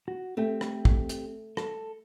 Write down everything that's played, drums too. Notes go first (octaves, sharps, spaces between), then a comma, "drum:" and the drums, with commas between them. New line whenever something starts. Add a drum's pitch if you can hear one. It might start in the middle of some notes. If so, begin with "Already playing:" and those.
F#4
A3 C4 G4 G5
drum: rim click
drum: kick
drum: hi-hat
A4, drum: rim click